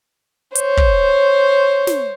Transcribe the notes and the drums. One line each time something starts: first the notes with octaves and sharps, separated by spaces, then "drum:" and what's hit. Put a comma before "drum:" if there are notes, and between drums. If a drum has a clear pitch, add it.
C5 C#5, drum: hi-hat
drum: kick
drum: snare